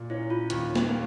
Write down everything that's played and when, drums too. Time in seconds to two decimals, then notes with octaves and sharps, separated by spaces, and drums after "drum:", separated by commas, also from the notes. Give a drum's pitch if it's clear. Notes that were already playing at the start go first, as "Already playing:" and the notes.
Already playing: A#2
0.10 C#4 E4
0.30 F4
0.50 D#2, drum: hi-hat
0.75 drum: snare
0.89 A#3